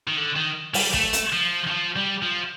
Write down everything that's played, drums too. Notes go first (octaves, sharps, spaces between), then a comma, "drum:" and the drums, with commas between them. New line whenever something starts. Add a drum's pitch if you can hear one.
D#3
D3
D#3
G3, drum: open hi-hat
A3, drum: kick
drum: hi-hat
F3
D#3
F3
G3
F3